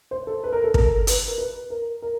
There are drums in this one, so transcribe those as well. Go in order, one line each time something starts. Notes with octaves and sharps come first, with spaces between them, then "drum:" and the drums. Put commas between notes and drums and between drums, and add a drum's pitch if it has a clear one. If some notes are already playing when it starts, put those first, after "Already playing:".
C5
A4
B4
A#4
A4
A#4, drum: kick
B4, drum: hi-hat
A#4
B4
A#4
A#4